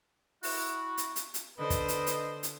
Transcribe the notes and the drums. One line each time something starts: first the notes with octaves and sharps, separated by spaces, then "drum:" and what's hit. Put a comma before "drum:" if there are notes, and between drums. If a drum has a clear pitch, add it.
E4 F#4, drum: open hi-hat
drum: hi-hat
drum: hi-hat
drum: hi-hat
D3 B4 C5 D#5
drum: kick, hi-hat
drum: hi-hat
drum: hi-hat
drum: hi-hat